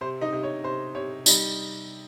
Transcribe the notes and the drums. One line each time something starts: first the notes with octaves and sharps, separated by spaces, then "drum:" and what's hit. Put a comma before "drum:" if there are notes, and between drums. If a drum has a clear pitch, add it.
C3 C5
D#4 D#5
C3
C#5
C3 C5
C3 C#5
G3 D#4 D#5, drum: tambourine